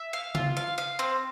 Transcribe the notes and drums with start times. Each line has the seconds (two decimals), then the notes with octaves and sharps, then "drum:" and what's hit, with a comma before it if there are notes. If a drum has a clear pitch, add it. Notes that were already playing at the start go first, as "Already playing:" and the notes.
Already playing: E5
0.13 F5
0.35 F4, drum: tom C#3
0.57 F5
0.78 F5
0.99 C4